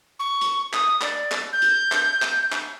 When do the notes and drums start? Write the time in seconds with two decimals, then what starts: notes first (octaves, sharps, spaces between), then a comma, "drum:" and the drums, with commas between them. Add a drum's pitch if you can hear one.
0.19 C#6
0.41 drum: hi-hat
0.73 D#6, drum: clap
1.02 D5, drum: clap
1.32 drum: clap
1.52 G6
1.62 drum: hi-hat
1.92 drum: clap
2.22 drum: clap
2.52 drum: clap